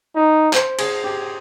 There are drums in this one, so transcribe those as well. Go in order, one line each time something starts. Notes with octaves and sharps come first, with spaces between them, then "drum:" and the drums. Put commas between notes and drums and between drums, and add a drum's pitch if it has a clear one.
D#4
C5, drum: clap
G#4, drum: cymbal
G4